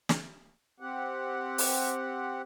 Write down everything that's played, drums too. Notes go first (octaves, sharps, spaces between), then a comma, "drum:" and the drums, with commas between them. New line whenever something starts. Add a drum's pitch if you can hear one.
drum: snare
C4 G4 F#5
drum: open hi-hat